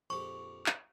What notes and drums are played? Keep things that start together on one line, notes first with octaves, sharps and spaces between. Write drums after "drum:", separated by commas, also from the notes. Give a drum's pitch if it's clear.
A#1 F2 G4 C#6
drum: clap